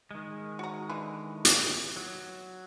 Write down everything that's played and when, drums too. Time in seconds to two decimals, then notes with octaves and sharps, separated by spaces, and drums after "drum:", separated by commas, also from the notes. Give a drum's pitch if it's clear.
0.11 D#3 G#3
0.59 F#4 A#5
0.89 D3 E3 B4
1.45 drum: hi-hat
1.96 F#3